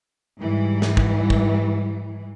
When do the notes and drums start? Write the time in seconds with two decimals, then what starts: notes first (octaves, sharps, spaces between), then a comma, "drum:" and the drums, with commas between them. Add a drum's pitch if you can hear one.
0.39 G#2 E3 G3
0.82 drum: snare
0.97 drum: kick
1.30 drum: kick